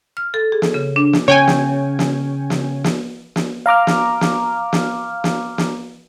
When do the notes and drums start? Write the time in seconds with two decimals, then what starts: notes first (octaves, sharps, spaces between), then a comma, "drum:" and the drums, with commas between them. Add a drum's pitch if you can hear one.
0.17 F6
0.34 A4
0.52 G#4
0.62 drum: snare
0.74 C#3
0.96 D4
1.13 drum: snare
1.28 C#3 C#5 G5 G#5
1.47 drum: snare
1.99 drum: snare
2.50 drum: snare
2.84 drum: snare
3.36 drum: snare
3.66 F5 A#5 D6 F6
3.87 drum: snare
4.21 drum: snare
4.73 drum: snare
5.24 drum: snare
5.58 drum: snare